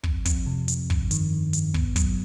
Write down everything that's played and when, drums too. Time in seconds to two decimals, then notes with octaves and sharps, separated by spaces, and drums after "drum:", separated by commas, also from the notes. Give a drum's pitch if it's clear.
0.04 F2, drum: kick
0.25 F2, drum: kick, hi-hat
0.46 C3
0.68 F2, drum: hi-hat
0.90 G2, drum: kick
1.11 D#3, drum: hi-hat
1.33 D#3
1.53 G2, drum: hi-hat
1.74 B3, drum: kick
1.96 F#3, drum: kick, hi-hat